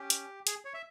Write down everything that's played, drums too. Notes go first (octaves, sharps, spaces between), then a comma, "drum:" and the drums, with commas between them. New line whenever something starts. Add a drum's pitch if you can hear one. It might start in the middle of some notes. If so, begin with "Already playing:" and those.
Already playing: C#4 G4
drum: hi-hat
G#4, drum: hi-hat
C#5
E5